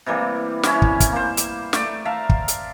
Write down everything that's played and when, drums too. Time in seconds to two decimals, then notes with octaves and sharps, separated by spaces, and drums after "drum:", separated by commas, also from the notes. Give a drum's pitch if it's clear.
0.06 C3 E3 G3 A#3
0.63 C3 G3 C#4 E4, drum: snare
0.82 drum: kick
1.00 drum: kick, hi-hat
1.12 A#3 C5
1.37 drum: hi-hat
1.73 A3 D5, drum: snare
2.05 E5 F5 A5 A#5
2.29 drum: kick
2.48 drum: hi-hat